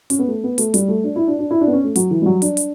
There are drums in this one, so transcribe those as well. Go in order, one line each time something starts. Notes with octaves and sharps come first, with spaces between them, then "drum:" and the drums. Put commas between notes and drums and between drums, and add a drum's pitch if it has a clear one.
C#4, drum: hi-hat
B3
A3
B3
A3, drum: hi-hat
G3, drum: hi-hat
A3
D4
E4
D4
D4
E4
D4
B3
C#4
A3
F#3, drum: hi-hat
E3
G3
F#3
D4, drum: hi-hat
drum: hi-hat